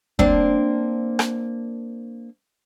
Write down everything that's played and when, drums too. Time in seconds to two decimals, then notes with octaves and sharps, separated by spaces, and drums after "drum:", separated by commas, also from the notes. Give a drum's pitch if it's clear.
0.19 A#3 C4 D4, drum: kick
1.19 drum: rim click